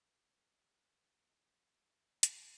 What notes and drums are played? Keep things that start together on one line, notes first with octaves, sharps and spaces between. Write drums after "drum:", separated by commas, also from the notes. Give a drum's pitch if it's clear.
F3 G4 B4
drum: hi-hat